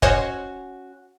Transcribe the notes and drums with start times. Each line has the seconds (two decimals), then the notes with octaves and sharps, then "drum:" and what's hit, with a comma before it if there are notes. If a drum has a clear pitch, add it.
0.02 C#4 F#4 C5 C#5 D#5, drum: kick